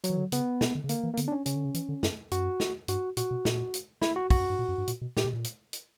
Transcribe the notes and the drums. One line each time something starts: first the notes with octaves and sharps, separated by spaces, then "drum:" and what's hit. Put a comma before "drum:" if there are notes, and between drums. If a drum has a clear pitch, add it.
F#3, drum: hi-hat
E3
D3
C#3 B3, drum: hi-hat
B2, drum: snare
D3
C#3
D3 A#3, drum: hi-hat
E3
A#3
D3 B3, drum: hi-hat
D4
C#4
C#3 C#4, drum: hi-hat
D3
C#3
E3, drum: hi-hat
D3
F#2, drum: snare
F#2 F#4, drum: hi-hat
drum: snare
G2 F#4, drum: hi-hat
A#2 F#4, drum: hi-hat
B2
A#2, drum: snare
drum: hi-hat
E4, drum: snare
F#4
E2 F#4, drum: kick, open hi-hat
F#2
G2
A#2
F#2
G2
A#2, drum: hi-hat
B2
A#2 G4, drum: snare
B2
A#2
drum: hi-hat
drum: hi-hat